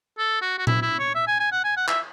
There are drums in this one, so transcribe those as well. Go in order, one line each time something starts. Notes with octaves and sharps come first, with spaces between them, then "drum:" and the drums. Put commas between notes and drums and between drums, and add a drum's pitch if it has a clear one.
A4
F#4
F#4
E4, drum: tom A#2
E4
C#5
E5
G#5
G#5
F#5
G#5
F#5
E5, drum: clap